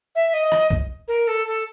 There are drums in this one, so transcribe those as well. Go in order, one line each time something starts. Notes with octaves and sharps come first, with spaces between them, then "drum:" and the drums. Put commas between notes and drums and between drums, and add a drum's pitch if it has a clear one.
E5
D#5
drum: rim click
drum: kick
A#4
A4
A4